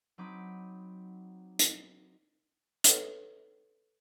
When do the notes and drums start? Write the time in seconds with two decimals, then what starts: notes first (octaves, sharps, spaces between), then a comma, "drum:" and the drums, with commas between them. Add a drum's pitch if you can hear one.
0.18 F#3 C4 D#4 B5 D6
1.59 drum: hi-hat
2.84 A4 B4 C#5, drum: hi-hat